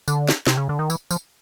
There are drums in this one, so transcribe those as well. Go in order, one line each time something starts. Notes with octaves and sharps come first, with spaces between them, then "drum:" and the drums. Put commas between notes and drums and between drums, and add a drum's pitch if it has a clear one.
D3, drum: tambourine
drum: snare
C3, drum: snare
C#3
D3
D#3
E3, drum: tambourine
F3, drum: tambourine